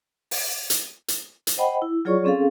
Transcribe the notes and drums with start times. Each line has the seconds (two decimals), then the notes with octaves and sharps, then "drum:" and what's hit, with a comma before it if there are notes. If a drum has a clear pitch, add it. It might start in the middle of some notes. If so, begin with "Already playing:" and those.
0.31 drum: open hi-hat
0.70 drum: hi-hat
1.08 drum: hi-hat
1.47 drum: hi-hat
1.57 C5 D#5 F#5 G5 B5
1.82 E4
2.05 F#3 F4 G#4 C#5 D5 C#6
2.24 C4 C#4 G#4 A4 F5